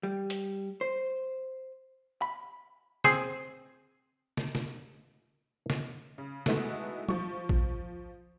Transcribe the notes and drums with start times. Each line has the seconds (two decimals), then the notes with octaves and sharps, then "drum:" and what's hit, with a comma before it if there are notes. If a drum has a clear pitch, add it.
0.03 G3
0.30 drum: hi-hat
0.81 C5
2.22 B5
3.04 C4 G#4 C5, drum: snare
4.37 drum: snare
4.55 drum: snare
5.70 drum: snare
6.18 C#3
6.46 G#3 A3 B3 D#4 E4 F#4, drum: snare
7.09 F3 C#6, drum: tom F#3
7.49 drum: kick A1